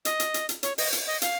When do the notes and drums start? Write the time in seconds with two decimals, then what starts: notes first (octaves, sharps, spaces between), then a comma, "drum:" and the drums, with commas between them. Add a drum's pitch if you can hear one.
0.05 D#5, drum: hi-hat
0.20 drum: hi-hat
0.34 drum: hi-hat
0.49 drum: hi-hat
0.63 C#5, drum: hi-hat
0.78 D#5, drum: open hi-hat
0.93 drum: hi-hat
1.07 D#5
1.22 F5, drum: hi-hat